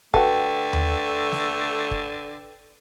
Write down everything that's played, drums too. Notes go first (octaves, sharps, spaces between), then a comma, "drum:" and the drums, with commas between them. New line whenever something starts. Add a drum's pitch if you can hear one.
D3 A3 F#4 A4 B4 G5, drum: kick
drum: tom D#2
drum: snare
drum: kick